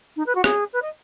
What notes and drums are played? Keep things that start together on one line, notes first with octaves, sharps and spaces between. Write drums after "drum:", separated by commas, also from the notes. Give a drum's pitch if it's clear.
D#4
B4
F#4
G#4, drum: rim click
B4
D#5